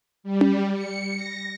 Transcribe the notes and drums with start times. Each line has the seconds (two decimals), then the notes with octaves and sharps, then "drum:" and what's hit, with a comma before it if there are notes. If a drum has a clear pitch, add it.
0.24 G3
0.41 drum: tom C#4
0.73 C#7
1.16 A#6